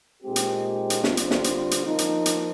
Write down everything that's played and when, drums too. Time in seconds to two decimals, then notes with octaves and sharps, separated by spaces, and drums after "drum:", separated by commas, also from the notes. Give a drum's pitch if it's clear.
0.22 A#2 G#3 C4 D#4 G4
0.36 drum: hi-hat
0.90 drum: hi-hat
1.04 D3 G3 C4 F4, drum: snare
1.17 drum: hi-hat
1.31 drum: snare
1.44 drum: hi-hat
1.71 drum: hi-hat
1.85 F3 A#3 D#4
1.98 drum: hi-hat
2.26 drum: hi-hat